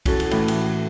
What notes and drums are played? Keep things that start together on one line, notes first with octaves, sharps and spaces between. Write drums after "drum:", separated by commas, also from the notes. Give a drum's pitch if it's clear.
C#4 E4 F#4 A4, drum: kick C2, cymbal
drum: cymbal
A2 E3, drum: cymbal
drum: cymbal